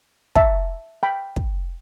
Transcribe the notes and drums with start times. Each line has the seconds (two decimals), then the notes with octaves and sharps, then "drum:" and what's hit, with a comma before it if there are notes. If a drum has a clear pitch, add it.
0.35 E5 A5, drum: kick
1.03 G5 B5
1.36 drum: kick